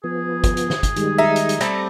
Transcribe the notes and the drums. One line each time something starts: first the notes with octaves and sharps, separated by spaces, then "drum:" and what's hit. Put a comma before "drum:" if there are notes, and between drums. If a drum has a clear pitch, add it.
F3 B3 G#4
drum: kick, hi-hat
drum: hi-hat
drum: snare
drum: kick, hi-hat
D#3 G3 G#3, drum: hi-hat
D#4 E5
drum: hi-hat
drum: hi-hat
G3 A3 C4 A#5, drum: hi-hat